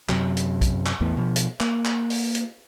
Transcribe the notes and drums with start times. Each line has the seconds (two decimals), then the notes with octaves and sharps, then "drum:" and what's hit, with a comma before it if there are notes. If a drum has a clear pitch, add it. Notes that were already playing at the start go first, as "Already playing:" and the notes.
0.09 F#2 C3 F#3, drum: clap
0.37 drum: hi-hat
0.61 drum: kick, hi-hat
0.86 drum: clap
1.01 A1 E2 A2 B3
1.17 B2 F3
1.36 drum: hi-hat
1.60 A#3, drum: clap
1.85 drum: clap
2.10 drum: open hi-hat
2.35 drum: hi-hat